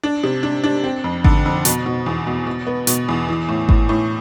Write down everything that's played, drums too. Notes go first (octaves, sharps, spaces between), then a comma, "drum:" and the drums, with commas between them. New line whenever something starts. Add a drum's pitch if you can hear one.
D4
C3
D4
D4
C4
F2
D3, drum: kick G#1
F2
B2, drum: hi-hat
B2
E2
B2
B2
B3
B2, drum: hi-hat
E2
E3
A2
A2, drum: kick G#1
A2